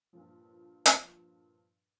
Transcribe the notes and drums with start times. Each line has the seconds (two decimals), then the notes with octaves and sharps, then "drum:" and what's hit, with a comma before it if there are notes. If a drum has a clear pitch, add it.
0.13 G2 A#2 F3
0.86 drum: hi-hat